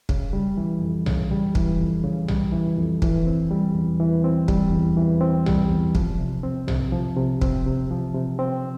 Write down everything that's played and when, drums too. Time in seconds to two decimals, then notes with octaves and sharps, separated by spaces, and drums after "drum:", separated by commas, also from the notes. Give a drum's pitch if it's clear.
0.09 C#3, drum: kick
0.33 G3
0.57 E3
0.81 F2
1.06 C#3, drum: tom B1
1.31 G3
1.55 E3, drum: kick
1.80 F2
2.04 C#3
2.28 G3, drum: tom B1
2.53 E3
2.78 F2
3.02 E3, drum: kick
3.27 C4
3.50 G3
3.75 E2
4.00 E3
4.24 C4
4.48 G3, drum: kick
4.72 E2
4.97 E3
5.21 C4
5.46 G3, drum: tom B1
5.70 E2
5.95 F3, drum: kick
6.19 C3
6.43 C4
6.68 C3, drum: tom B1
6.92 F3
7.16 C3
7.41 C4, drum: kick
7.66 C3
7.91 F3
8.14 C3
8.39 C4